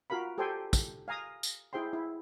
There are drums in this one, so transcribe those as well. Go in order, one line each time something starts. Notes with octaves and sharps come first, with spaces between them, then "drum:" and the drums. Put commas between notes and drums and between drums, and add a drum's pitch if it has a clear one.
F4 F#4 A#4 F5 B5
G4 A4 C5 G5 G#5 C6
drum: kick, tambourine
F5 G#5 A#5 D#6
drum: tambourine
E4 G#4 C5 G5 C6
E4